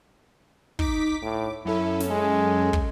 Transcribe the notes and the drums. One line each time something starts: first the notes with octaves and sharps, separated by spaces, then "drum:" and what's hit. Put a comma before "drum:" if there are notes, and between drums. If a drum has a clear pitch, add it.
D#4 D6 B6, drum: kick
A2 D6
F#2 C#4 E4 A4
drum: snare
G#3
drum: kick